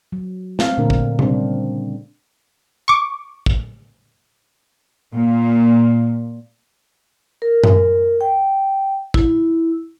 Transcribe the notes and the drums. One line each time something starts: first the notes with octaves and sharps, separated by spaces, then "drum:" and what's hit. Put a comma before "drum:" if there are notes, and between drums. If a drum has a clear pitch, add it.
F#3
C4 F5, drum: snare
A#2 D3 A3 D4 A#4
drum: kick
C#3 G3 C4 D4 C5, drum: tom C3
C#6 D6
drum: kick
A#2
A#4
drum: tom F#2
G5
E4, drum: kick